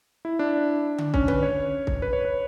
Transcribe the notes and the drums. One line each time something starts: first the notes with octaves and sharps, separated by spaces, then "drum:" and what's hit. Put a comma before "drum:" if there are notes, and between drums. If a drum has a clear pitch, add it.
E4
D4
drum: tom D3
C#4, drum: kick C2
B4, drum: tom D3
C#5
drum: kick C2
B4
C#5
B4